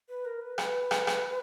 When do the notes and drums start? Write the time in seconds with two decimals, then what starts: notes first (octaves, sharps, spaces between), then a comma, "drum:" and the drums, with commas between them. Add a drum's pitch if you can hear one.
0.09 B4
0.25 A#4
0.41 B4
0.58 B4, drum: rim click
0.91 drum: rim click
1.07 drum: rim click